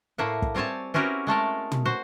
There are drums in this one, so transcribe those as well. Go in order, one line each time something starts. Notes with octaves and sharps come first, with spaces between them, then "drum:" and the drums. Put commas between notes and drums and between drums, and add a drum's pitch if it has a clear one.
A2 A#3 E5 F#5
drum: kick
G3 C4 C#5 G#5 A5
C4 C#4 E4 F#4 G4 A#4
G#3 A3 A4 A#4
drum: tom
F#4 C5